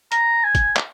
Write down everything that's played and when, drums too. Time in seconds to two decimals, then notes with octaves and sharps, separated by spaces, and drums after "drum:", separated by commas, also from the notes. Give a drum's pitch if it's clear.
0.12 A#5, drum: hi-hat
0.44 G#5
0.55 drum: kick, hi-hat
0.76 drum: clap